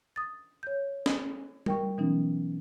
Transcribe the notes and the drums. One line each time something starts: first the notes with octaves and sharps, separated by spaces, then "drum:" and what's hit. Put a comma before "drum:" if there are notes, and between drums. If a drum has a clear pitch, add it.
D#6 A6
C#5 G6
drum: snare
A#4 G5 C#6, drum: tom G3
B2 E3 F#3 B3 C#4 D#4